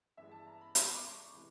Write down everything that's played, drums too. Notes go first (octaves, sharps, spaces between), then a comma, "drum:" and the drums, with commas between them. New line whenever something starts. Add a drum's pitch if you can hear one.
G2 E3 G#3 E5
A5
A#5
B5
C6, drum: hi-hat
C#6
D6
C#6
C3 E3 G#3